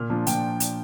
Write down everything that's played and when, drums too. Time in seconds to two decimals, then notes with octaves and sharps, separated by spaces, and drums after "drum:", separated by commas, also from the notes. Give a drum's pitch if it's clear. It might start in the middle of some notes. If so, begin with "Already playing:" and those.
Already playing: A#2 F6
0.10 F3 A#3 D4
0.27 A#2 G5, drum: hi-hat
0.60 drum: hi-hat